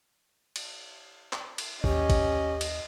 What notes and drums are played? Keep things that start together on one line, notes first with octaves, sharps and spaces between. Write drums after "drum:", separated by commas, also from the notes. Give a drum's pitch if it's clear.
drum: cymbal
drum: clap
drum: cymbal
D#2 C#4 G4 D#5, drum: kick
drum: kick, cymbal
drum: cymbal